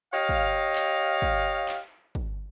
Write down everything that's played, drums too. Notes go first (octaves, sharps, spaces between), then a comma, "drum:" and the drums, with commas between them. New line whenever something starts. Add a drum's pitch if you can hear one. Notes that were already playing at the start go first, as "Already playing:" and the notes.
G4 C#5 D#5 F5
drum: kick
drum: clap
drum: kick
drum: clap
drum: kick